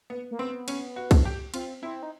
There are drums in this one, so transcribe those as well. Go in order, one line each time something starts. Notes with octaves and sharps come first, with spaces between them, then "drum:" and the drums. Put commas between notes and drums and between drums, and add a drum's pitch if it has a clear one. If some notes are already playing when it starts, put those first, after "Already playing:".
B3
A#3
B3 C4
C#4, drum: cymbal
F#4
drum: kick C2, cymbal
G4
C4 F4, drum: cymbal
C4 E4
D#4